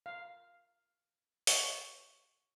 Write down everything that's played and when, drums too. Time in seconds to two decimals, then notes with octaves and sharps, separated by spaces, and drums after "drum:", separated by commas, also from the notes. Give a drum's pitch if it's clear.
0.06 F5
1.47 C#5, drum: open hi-hat